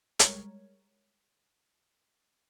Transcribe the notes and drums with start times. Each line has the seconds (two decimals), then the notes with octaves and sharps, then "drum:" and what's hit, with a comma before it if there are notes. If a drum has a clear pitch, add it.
0.19 G3 G#3 A#4 C#5, drum: hi-hat